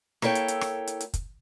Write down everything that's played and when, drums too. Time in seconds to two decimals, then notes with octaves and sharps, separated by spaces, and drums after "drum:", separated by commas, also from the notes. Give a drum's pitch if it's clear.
0.22 A#3 E4 A4 C#5 G5, drum: rim click
0.35 drum: hi-hat
0.48 drum: hi-hat
0.61 drum: rim click
0.87 drum: hi-hat
1.01 drum: hi-hat
1.14 drum: kick, hi-hat